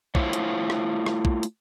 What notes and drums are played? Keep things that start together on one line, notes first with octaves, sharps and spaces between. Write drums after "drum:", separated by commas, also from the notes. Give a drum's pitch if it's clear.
A3 E4 F4 C5 C#5, drum: kick
drum: hi-hat
drum: rim click
drum: rim click
drum: kick
drum: hi-hat